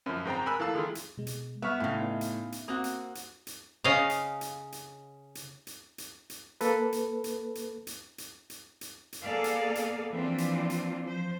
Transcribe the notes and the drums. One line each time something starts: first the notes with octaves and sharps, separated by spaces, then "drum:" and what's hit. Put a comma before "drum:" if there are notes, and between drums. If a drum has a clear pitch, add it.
F#2 F3
G#2 C4 G5 A#5
A#4 G#5 B5 E6 F#6
E3 A3 A#3 F5 A5 E6
D#3 G#3 A3 E4 F4
drum: hi-hat
B2 G#3
drum: hi-hat
G3 B3 E5 C#6 F6
A2 C#3 F4
B3 D#4 E5
drum: hi-hat
drum: hi-hat
A#3 C4 F#4 D#6
drum: hi-hat
drum: hi-hat
drum: hi-hat
C#3 D#5 F5
drum: hi-hat
drum: hi-hat
drum: hi-hat
drum: hi-hat
drum: hi-hat
drum: hi-hat
drum: hi-hat
A#3 A4 B4, drum: hi-hat
drum: hi-hat
drum: hi-hat
drum: hi-hat
drum: hi-hat
drum: hi-hat
drum: hi-hat
drum: hi-hat
drum: hi-hat
A#3 B3 G#4 A4 D5 F5
drum: hi-hat
drum: hi-hat
E3 F3 A#3 C4 D4 F4
drum: hi-hat
drum: hi-hat
F3 C5